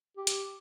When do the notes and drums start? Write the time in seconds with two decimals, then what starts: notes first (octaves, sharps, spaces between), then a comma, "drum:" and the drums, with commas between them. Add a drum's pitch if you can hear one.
0.17 G4
0.27 drum: hi-hat